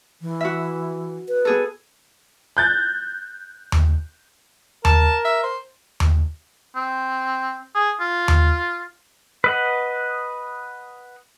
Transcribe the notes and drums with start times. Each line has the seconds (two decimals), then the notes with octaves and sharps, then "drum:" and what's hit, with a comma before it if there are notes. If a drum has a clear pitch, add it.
0.22 E3
0.41 F#4 E5
1.29 B4
1.45 B3 G#4 A4
2.57 F#6 G6 A6
3.72 drum: tom D#2
4.85 A#4 A5, drum: tom D#2
5.25 E5
5.43 C5
6.00 drum: tom D#2
6.75 C4
7.75 G#4
8.00 F4
8.28 drum: tom D#2
9.44 B4 D#5 F#5